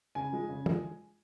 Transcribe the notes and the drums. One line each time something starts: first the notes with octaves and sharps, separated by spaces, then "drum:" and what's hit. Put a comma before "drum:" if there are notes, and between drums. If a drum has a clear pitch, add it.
C#3 G#5
F3 G#3
C#3
F3 G#3, drum: tom